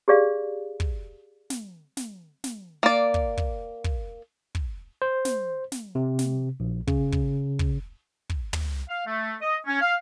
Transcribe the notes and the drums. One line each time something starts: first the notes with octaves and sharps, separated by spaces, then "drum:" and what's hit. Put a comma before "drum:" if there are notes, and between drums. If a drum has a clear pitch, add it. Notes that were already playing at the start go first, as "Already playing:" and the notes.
G4 G#4 D5 F5
drum: kick
drum: snare
drum: snare
drum: snare
A#3 D5
drum: kick
drum: kick
drum: kick
drum: kick
C5
drum: snare
drum: snare
C3
drum: snare
A#1
C#3, drum: kick
drum: kick
drum: kick
drum: kick
drum: tom
F5
A3
D#5
C#4
F5